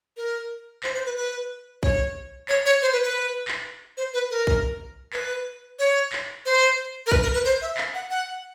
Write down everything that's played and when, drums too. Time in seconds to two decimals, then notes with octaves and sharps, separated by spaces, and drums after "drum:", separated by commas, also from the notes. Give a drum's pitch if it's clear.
0.17 A#4
0.83 C5, drum: clap
0.94 C5
1.05 B4
1.16 B4
1.83 C#5, drum: kick
2.49 C#5, drum: clap
2.66 C#5
2.82 C5
2.92 B4
3.03 B4
3.48 drum: clap
3.97 C5
4.14 B4
4.30 A#4
4.47 drum: kick
5.13 B4, drum: clap
5.79 C#5
6.12 drum: clap
6.46 C5
7.07 A#4
7.11 B4, drum: kick
7.23 A#4
7.34 B4
7.45 C5
7.61 E5
7.77 F5, drum: clap
7.94 F#5
8.11 F#5